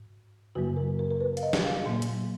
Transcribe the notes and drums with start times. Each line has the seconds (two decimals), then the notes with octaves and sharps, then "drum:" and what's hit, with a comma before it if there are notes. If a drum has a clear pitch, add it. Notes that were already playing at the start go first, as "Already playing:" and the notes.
Already playing: G#2
0.55 F#2 C#3 F#3 A#3 F#4
0.77 A#4
0.99 A#4
1.11 A#4
1.20 B4
1.37 F5, drum: hi-hat
1.43 D#5
1.53 drum: snare
1.65 F5
1.86 A#2 F#3 A#3
2.02 drum: hi-hat